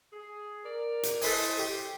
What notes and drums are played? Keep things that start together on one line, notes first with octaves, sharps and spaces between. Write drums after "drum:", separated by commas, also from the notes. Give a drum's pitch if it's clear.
G#4
A#4 D5
drum: hi-hat
E4 A4 B4 C5 D#5 G#5, drum: open hi-hat
G4